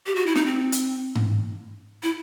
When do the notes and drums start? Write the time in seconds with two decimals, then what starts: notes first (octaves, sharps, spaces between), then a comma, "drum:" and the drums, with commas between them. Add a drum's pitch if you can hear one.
0.06 G4
0.16 F#4
0.27 E4
0.35 D#4, drum: snare
0.46 C4
0.72 drum: hi-hat
1.15 drum: tom G#2
2.03 E4